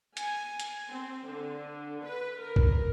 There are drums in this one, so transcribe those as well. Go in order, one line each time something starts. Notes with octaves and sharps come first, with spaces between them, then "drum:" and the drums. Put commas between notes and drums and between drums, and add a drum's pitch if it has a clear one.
G#5, drum: hi-hat
drum: hi-hat
C4
D3
B4
A#4
drum: kick B1